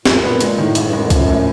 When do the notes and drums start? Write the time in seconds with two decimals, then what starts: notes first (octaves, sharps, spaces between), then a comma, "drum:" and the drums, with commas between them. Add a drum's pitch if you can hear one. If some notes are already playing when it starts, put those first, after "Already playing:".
0.05 F#2 A#2, drum: snare
0.23 A#2 B3
0.41 A#2 G#3, drum: hi-hat
0.57 A2 D#3
0.75 A1 G#2, drum: hi-hat
0.84 G2
0.93 F#2 G#3
1.01 F2
1.10 F#2 F3, drum: kick C2, hi-hat
1.28 A2